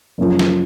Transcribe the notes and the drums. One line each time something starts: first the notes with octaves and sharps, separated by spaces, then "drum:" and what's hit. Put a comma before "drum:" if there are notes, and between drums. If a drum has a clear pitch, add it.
F#1 F#2 F3
drum: snare